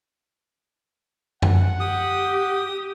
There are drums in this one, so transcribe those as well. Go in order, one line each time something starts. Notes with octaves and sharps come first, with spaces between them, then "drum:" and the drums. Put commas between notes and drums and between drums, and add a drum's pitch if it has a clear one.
F#5, drum: tom F#2
G4 D#6